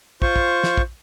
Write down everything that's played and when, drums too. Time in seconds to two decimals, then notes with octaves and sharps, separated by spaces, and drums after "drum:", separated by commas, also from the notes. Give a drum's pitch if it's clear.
0.22 F4 C5 C#6, drum: kick
0.36 drum: kick
0.63 drum: snare
0.77 drum: kick